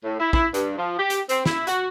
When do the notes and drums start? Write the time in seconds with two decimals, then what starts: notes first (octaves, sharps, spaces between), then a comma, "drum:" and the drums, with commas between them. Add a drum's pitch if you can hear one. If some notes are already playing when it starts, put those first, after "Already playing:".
0.04 A2
0.20 E4
0.33 E4, drum: kick
0.54 G2, drum: hi-hat
0.78 F3
0.99 G4
1.10 drum: hi-hat
1.29 C4, drum: hi-hat
1.46 E4, drum: snare
1.67 F#4, drum: hi-hat